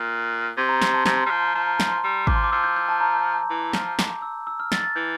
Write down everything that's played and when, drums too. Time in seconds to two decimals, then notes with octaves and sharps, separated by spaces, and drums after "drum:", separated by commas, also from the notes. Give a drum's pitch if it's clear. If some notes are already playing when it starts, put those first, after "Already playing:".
Already playing: A#2
0.57 C3 C6
0.69 A#5
0.82 C6, drum: snare
0.94 A5
1.06 C3 A#5, drum: snare
1.18 C6
1.26 G3
1.30 F3 C6
1.43 A#5
1.55 F3 A5
1.66 A#5
1.80 A#5, drum: snare
1.92 C6
2.03 G3 C6
2.27 F3 D6, drum: kick G#1
2.36 C6
2.44 D6
2.52 F3 E6
2.64 G6
2.77 G6
2.89 A5
3.00 A#5
3.50 E3
3.73 F3, drum: snare
3.99 D6, drum: snare
4.22 E6
4.47 E6
4.60 F6
4.72 A6, drum: snare
4.83 A6
4.96 E3 G6